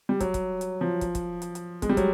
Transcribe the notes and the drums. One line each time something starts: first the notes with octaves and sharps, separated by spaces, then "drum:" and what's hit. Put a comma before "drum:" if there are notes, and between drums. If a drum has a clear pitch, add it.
G3
F#3, drum: kick, hi-hat
drum: kick, hi-hat
drum: hi-hat
F3
drum: kick, hi-hat
drum: kick, hi-hat
drum: hi-hat
drum: hi-hat
G#3, drum: kick, hi-hat
G3
F#3, drum: kick, hi-hat